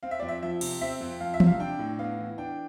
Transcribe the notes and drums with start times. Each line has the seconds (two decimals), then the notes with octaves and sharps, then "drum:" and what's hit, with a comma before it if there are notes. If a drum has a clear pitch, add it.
0.03 C4 F5
0.11 E5
0.20 F2 D5
0.28 E5
0.43 F3 E5
0.61 C3, drum: cymbal
0.81 C4 E5
1.01 F2
1.20 F3 F5
1.34 E5
1.40 C3, drum: tom E3
1.47 F5
1.60 D4 G5
1.79 A2
1.99 B3 F5
2.19 E3
2.38 D4 G5